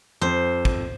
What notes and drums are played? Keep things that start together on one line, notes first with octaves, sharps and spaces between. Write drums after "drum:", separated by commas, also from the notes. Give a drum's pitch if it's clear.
F2 C5
drum: kick